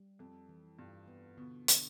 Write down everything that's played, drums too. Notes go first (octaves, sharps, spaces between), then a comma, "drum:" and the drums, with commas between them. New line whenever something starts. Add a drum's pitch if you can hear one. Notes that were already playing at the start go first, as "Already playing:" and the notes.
Already playing: G3
F2 A4
E3
G2 F4
B3
B2 D3
D3, drum: hi-hat